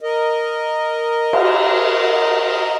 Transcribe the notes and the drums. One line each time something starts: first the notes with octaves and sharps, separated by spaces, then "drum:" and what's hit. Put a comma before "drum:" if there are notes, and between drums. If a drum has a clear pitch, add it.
A#4 D#5
drum: cymbal